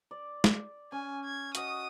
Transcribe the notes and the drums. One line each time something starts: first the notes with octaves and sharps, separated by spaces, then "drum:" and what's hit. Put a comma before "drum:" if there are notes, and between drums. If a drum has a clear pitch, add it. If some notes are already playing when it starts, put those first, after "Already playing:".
D5
drum: snare
C#4 G#5
G#6
F#4 D#5 D#6, drum: hi-hat